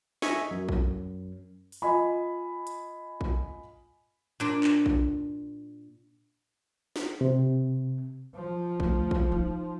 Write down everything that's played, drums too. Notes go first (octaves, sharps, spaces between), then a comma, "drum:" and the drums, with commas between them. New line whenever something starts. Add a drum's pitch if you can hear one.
D#5 E5 G#5 C#6, drum: snare
F#2
drum: kick A1
drum: open hi-hat
F4 D#5 G#5 B5
drum: hi-hat
drum: kick A1
A#2 D4
drum: clap
drum: kick A1
drum: snare
C3
F3
D2, drum: kick A1
drum: kick A1
D#4 F4